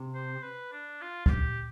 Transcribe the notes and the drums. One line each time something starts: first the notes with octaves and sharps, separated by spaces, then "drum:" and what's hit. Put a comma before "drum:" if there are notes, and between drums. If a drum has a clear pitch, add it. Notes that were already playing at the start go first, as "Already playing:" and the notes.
Already playing: C3
C5
B4
D4
F4
F4, drum: kick
G4